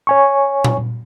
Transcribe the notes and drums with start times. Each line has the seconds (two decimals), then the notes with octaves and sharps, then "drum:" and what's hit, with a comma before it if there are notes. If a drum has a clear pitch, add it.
0.07 C#5 G#5 C#6
0.64 drum: tom A#2